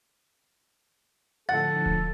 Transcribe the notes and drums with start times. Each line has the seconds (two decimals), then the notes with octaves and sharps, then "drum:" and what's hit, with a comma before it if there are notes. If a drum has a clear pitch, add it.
1.49 A2 D3 F3 A4 F#5 A6
1.86 drum: kick D1